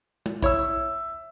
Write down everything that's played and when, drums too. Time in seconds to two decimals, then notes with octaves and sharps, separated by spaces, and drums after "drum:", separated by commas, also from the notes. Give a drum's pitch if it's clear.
0.26 drum: tom
0.42 E4 C#5 E5 E6, drum: kick A#1